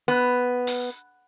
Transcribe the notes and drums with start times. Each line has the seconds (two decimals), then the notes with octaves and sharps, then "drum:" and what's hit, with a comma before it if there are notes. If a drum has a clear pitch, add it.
0.08 B3
0.67 drum: open hi-hat